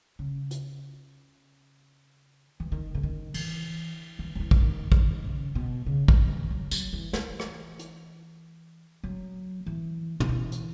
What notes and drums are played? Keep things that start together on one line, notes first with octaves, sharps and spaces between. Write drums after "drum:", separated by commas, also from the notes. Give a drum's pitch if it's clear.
C#3
drum: hi-hat
E3
D#3
C#3
D#3
E3, drum: cymbal
E3
F#3
E3
drum: kick
D#3
D#3, drum: kick
C#3
B2
C#3
D#3, drum: kick
E3
F#3
F#3, drum: tambourine
E3
E3, drum: snare
drum: rim click
drum: hi-hat
F#3
E3
D#3, drum: tom
E3
drum: hi-hat